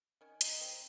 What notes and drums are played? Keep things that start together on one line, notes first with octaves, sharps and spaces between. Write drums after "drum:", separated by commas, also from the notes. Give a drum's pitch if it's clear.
D#3 C#4
D#4, drum: hi-hat
A#3 C4